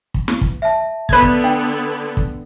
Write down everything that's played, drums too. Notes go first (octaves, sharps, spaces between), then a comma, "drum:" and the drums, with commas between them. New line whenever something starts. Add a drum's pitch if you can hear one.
drum: kick
drum: snare
drum: kick
E5 A5
D3 B3 B4 G#6, drum: kick
drum: kick
D4 F#5 G5
drum: kick